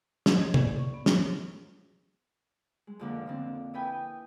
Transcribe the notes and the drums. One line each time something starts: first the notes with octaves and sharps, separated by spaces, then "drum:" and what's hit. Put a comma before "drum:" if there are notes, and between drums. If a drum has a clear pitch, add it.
D#5, drum: snare
G#6
D5, drum: tom
C#6
B3
F4, drum: snare
G#3
F2 G#2 D3 F3 A#3
F2 D3 C4
E4 B4 G5 G#5 D#6